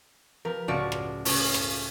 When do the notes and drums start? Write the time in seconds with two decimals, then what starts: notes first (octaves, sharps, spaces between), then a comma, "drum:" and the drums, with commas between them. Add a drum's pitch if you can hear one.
0.45 F3 G4 A#4 B4
0.68 C#2 A2 F3 F#4 D5 F5
0.92 drum: rim click
1.25 C#3 A3 C#4 C#5, drum: open hi-hat
1.54 drum: rim click